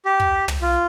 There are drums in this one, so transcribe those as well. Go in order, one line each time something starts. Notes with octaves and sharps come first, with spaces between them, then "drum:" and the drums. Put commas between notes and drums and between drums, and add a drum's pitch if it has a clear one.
G4
drum: kick
drum: tom
F4